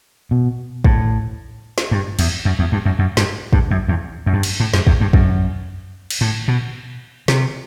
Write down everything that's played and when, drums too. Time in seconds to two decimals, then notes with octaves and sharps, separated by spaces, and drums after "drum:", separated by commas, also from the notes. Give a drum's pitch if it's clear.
0.31 B2
0.84 A2, drum: kick
1.78 drum: snare
1.91 G2
2.19 E2, drum: cymbal
2.45 F#2
2.59 E2
2.72 G2
2.85 F#2
2.99 F#2
3.17 G2, drum: snare
3.53 G2, drum: kick
3.71 F#2
3.88 E2
4.26 F#2
4.33 G2
4.43 drum: cymbal
4.60 A2
4.74 F#2, drum: snare
4.87 E2, drum: kick
5.01 G2
5.13 F#2, drum: kick
6.10 drum: cymbal
6.21 A2
6.48 B2
7.28 C3, drum: snare